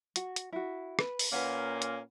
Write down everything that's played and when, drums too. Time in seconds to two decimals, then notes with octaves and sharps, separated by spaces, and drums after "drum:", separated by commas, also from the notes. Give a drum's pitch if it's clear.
0.16 F#4, drum: hi-hat
0.36 drum: hi-hat
0.53 E4 F#4
0.99 B4, drum: rim click
1.19 drum: open hi-hat
1.32 A#2 A#3 C#4 B4 F#5
1.82 drum: hi-hat